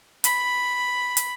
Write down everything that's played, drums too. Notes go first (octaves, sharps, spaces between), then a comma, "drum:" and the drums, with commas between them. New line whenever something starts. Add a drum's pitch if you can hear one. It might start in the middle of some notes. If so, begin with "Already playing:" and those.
B5, drum: hi-hat
drum: hi-hat